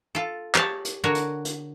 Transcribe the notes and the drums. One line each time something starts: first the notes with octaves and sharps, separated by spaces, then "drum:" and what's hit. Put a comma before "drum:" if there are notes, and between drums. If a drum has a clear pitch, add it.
F4 A4
G4 G#4 C#5 A5, drum: clap
drum: hi-hat
D3 F#4 A#4 C#5 F#5
drum: hi-hat
drum: hi-hat